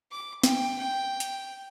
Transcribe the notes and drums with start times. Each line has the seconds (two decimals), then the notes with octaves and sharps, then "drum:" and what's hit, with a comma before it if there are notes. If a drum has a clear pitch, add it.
0.11 D6
0.44 G5, drum: snare
0.78 G5
1.20 drum: hi-hat